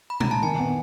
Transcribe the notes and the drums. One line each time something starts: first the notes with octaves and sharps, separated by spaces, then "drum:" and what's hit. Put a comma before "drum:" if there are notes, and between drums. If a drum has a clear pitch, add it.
B5
A#5, drum: tom A#2
A5
D#3 G#5
B3